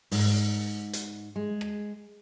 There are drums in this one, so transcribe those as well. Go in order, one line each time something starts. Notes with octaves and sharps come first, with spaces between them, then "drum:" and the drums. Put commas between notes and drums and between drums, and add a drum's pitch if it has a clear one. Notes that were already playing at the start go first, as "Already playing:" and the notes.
G#2, drum: open hi-hat
drum: hi-hat
G#3
drum: rim click